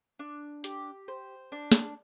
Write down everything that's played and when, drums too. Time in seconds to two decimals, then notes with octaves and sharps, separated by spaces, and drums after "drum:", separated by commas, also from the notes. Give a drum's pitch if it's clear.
0.19 D4
0.64 G4, drum: hi-hat
1.08 C5
1.52 D4
1.72 drum: snare